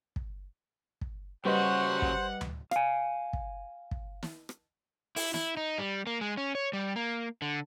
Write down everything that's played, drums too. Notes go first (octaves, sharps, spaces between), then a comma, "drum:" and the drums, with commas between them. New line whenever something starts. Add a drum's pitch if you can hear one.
drum: kick
drum: kick
C#3 G3 F#4 B4 C5 D#5 F#5
drum: kick
drum: tom D2
F5 G#5, drum: rim click
drum: kick
drum: kick
drum: snare
drum: rim click
E4, drum: open hi-hat
E4, drum: snare
D#4
G3
A#3
G#3
C#4
C#5
G3
A#3
D3